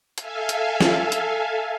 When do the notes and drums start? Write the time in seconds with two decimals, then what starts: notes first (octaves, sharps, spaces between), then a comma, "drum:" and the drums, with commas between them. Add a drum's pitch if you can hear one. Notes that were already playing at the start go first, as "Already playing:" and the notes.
0.18 A4 E5 F5 G#5, drum: hi-hat
0.49 drum: hi-hat
0.81 drum: snare
1.12 drum: hi-hat